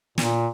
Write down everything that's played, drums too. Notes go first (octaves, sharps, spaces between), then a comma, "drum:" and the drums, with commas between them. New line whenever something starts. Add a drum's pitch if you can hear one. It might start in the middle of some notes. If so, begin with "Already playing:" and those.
A#2, drum: snare